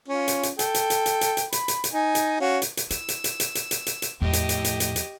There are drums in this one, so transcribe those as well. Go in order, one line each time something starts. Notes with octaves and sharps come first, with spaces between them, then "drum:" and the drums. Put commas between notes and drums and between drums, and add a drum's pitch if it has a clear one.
C#4 F4
drum: hi-hat
drum: hi-hat
A4 G5, drum: hi-hat
drum: hi-hat
drum: hi-hat
drum: hi-hat
drum: hi-hat
drum: hi-hat
B5, drum: hi-hat
drum: hi-hat
drum: hi-hat
D#4 G#5
drum: hi-hat
C#4 F#4 F5
drum: hi-hat
drum: hi-hat
E4 E6, drum: hi-hat
drum: hi-hat
drum: hi-hat
drum: hi-hat
drum: hi-hat
drum: hi-hat
drum: hi-hat
drum: hi-hat
E2 A2 F3 G4 D#5
drum: hi-hat
drum: hi-hat
drum: hi-hat
drum: hi-hat
drum: hi-hat